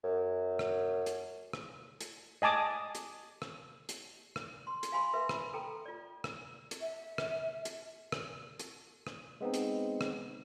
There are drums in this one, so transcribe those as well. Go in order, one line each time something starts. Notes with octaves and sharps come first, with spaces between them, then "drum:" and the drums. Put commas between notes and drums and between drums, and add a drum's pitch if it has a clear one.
F#2
drum: rim click
drum: hi-hat
drum: rim click
drum: hi-hat
D#5 G#5 A5 D6 D#6
drum: hi-hat
drum: rim click
drum: hi-hat
drum: rim click
C6
drum: hi-hat
F5 G#5 B5 C6
A#4 B4 E5
B5, drum: rim click
A4 G5 A#5
F4 D5
drum: rim click
drum: hi-hat
E5
drum: rim click
drum: hi-hat
drum: rim click
drum: hi-hat
drum: rim click
G#3 B3 C4 D#4
drum: hi-hat
drum: rim click